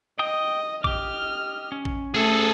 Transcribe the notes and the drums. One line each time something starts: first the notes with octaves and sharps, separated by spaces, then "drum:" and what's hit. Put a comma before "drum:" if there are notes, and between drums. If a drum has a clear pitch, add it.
D#5 G5 D#6
G4 D#5 D6 F6, drum: kick
C#4
drum: kick
A3 G#4 A4